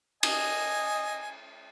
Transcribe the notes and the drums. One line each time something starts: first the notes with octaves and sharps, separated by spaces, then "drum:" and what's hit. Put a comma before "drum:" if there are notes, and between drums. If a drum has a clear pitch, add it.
D#5 G#5, drum: cymbal